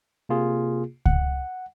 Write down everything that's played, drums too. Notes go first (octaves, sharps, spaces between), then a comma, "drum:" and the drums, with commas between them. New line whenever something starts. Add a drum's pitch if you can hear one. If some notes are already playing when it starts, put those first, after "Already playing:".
C3 A#3 F4 G#4
F#5, drum: kick C#2